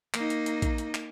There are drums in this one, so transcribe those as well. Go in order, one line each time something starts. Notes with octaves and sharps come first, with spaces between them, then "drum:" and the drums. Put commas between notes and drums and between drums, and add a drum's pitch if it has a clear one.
A#3 D#4, drum: clap
drum: hi-hat
drum: hi-hat
drum: kick, hi-hat
drum: hi-hat
drum: clap